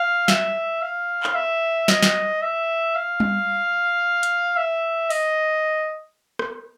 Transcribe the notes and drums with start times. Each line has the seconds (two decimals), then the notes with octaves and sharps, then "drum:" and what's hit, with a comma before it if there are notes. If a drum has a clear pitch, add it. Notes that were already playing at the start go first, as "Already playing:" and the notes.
Already playing: F5
0.28 E5, drum: snare
0.82 F5
1.23 drum: clap
1.35 E5
1.88 D#5, drum: snare
2.03 drum: snare
2.42 E5
2.95 F5
3.20 drum: tom G3
4.23 drum: hi-hat
4.57 E5
5.10 D#5, drum: open hi-hat
6.39 drum: rim click